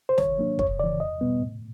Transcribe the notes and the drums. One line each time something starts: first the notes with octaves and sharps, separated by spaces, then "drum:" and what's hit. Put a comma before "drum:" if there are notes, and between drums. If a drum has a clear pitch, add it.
C5
D#3 C#5, drum: snare
F#3 A#3 D4
F#2 C#5, drum: kick
C#3 E3 D5
E2 D#5
B2 G3 B3
A2